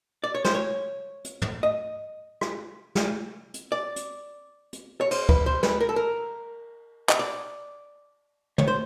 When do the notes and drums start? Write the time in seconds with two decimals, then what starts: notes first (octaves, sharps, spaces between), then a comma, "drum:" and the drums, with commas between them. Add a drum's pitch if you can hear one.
0.24 D5
0.35 C#5
0.45 C5, drum: snare
0.55 C#5
1.25 drum: hi-hat
1.42 drum: tom
1.63 D#5
2.41 drum: rim click
2.95 drum: snare
3.54 drum: hi-hat
3.72 D5
3.96 drum: hi-hat
4.73 drum: hi-hat
5.01 C#5
5.11 C5, drum: cymbal
5.29 B4, drum: kick
5.46 C5
5.63 B4, drum: snare
5.81 A#4
5.89 A4
5.96 A#4
7.09 D#5, drum: clap
7.19 D5
8.58 C#5, drum: tom
8.68 C5